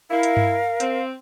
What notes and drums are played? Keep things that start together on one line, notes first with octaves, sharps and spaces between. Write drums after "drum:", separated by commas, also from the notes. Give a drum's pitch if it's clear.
E4 A#4 F5
drum: hi-hat
drum: tom G2
C4, drum: hi-hat